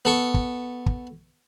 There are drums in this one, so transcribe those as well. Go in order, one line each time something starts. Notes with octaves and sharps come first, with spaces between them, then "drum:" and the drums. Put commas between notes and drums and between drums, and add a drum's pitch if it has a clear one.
B3 A4 C#6
drum: kick
drum: kick